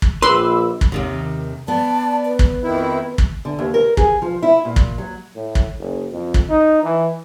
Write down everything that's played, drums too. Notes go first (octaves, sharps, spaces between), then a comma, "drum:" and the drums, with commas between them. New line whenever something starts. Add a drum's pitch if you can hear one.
drum: kick
A#1 B4 B5 C6 D6 E6
drum: kick
D#2 C3 D#3
B3 D5 A5
B4
drum: kick
F2 D#3 E4
drum: kick
D3
D#2
A#4
G#4, drum: kick
F3
E4
A#2
drum: kick
F#3
A2
drum: kick
F#1
F2
drum: kick
D#4
E3